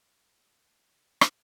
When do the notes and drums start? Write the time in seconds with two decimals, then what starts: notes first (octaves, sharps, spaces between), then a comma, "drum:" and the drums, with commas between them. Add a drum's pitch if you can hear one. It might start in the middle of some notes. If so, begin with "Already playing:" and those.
Already playing: F#2 C#3 F#3
0.30 C#2 B2 G3 B3
1.21 drum: rim click